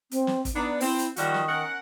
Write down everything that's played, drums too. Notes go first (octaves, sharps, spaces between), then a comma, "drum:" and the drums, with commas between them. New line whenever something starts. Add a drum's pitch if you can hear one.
C4, drum: hi-hat
drum: snare
drum: kick, hi-hat
B3 D4 D#4
C4 E4, drum: open hi-hat
drum: hi-hat
D#3 F3 G3 F#4, drum: hi-hat
drum: snare
C#4 A#4 F#5